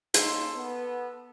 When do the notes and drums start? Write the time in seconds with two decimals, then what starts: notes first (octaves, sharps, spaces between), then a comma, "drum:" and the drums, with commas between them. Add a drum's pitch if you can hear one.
0.14 C#3 A#3 D#4 A4 C6, drum: hi-hat
0.55 B3